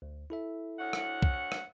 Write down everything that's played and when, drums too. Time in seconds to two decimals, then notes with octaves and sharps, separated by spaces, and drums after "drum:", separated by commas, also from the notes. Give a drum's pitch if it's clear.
0.02 D2
0.30 E4 A4 E5
0.79 D2 C#5 F#5
0.93 drum: rim click
1.22 drum: kick
1.34 C#7
1.52 drum: rim click